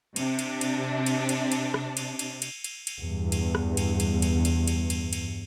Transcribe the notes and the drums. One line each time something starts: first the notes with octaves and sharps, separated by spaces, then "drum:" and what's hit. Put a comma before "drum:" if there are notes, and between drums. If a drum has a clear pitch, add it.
C3 D4, drum: cymbal
drum: cymbal
drum: cymbal
drum: cymbal
drum: cymbal
drum: cymbal
drum: rim click
drum: cymbal
drum: cymbal
drum: cymbal
drum: cymbal
drum: cymbal
E2 G2
drum: cymbal
drum: rim click
drum: cymbal
drum: cymbal
drum: cymbal
drum: cymbal
drum: cymbal
drum: cymbal
drum: cymbal